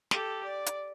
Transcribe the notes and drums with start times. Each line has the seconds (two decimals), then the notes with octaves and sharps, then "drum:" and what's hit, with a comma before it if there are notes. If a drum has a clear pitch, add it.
0.11 G4 A4, drum: snare
0.44 D5
0.66 drum: hi-hat